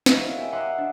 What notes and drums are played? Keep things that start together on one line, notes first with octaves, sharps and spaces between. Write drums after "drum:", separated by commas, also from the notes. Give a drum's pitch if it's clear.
E4 F#4 A#4 C#5 D#5 F5, drum: snare
G4 E5 G#5
D#5 E5 F#5 A#5 C6 D6
D4